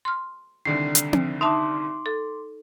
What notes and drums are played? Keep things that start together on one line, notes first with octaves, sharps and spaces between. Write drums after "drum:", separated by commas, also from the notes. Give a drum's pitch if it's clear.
C6 F6
C2 D3 D#3 C7
drum: hi-hat
drum: tom C4
D#4 E5 A5 C6 D6
A4